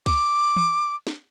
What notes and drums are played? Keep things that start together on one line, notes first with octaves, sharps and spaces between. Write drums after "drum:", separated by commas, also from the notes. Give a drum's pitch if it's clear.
D6, drum: kick C#2, cymbal
drum: tom E3
drum: snare